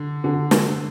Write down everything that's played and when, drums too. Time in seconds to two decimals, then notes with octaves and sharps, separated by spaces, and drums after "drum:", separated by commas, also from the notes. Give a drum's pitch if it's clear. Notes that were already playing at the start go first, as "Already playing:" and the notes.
Already playing: D3
0.24 D3
0.51 drum: snare